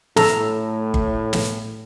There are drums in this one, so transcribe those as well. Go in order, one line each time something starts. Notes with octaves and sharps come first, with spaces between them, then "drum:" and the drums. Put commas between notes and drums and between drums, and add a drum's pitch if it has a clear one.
A2 A4 A#5, drum: snare
drum: kick G1
drum: snare